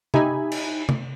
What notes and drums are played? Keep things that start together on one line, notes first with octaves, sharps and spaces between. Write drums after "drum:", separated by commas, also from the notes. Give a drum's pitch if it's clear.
D#4 G4 E5 G#5 B5, drum: tom C3
drum: cymbal
drum: tom C3